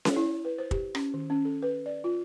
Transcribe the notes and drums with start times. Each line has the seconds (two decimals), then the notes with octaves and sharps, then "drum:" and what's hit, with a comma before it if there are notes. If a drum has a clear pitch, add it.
0.05 drum: snare C#4
0.16 E4
0.45 B4
0.58 C5
0.71 G4, drum: kick
0.95 C#4, drum: rim click
1.14 D#3
1.30 C#4
1.45 A4
1.62 B4
1.86 D5
2.04 F4